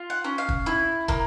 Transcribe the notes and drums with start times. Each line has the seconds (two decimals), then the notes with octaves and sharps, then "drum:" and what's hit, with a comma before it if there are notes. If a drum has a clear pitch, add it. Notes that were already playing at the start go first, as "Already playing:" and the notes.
Already playing: F4
0.10 F#5
0.24 C#4
0.38 F5
0.49 drum: kick
0.66 E4
1.08 A#3, drum: kick